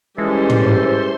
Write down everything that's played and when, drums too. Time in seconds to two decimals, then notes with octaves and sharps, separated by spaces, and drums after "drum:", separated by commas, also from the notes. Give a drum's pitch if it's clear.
0.18 E3 G3 G#3 C#4 A4 C5 C6
0.50 drum: tom